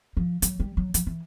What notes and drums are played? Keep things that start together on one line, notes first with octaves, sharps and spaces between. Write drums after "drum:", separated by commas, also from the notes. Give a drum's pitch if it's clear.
F3
F#3, drum: hi-hat
G3
F#3
F3, drum: hi-hat
E3